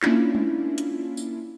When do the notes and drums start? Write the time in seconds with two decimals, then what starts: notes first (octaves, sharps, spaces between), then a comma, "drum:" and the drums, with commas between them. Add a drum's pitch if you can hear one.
0.03 A#3 C#4 D4 E4 F4, drum: clap
0.35 drum: tom G#3
0.78 drum: hi-hat
1.17 drum: tambourine